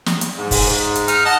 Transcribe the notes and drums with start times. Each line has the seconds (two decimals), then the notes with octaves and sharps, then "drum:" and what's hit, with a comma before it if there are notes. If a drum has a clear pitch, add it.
0.06 drum: snare
0.21 drum: hi-hat
0.38 G#2
0.51 drum: kick, open hi-hat
0.96 drum: hi-hat
1.08 D#4 F6, drum: hi-hat
1.25 D#5 F#5 A5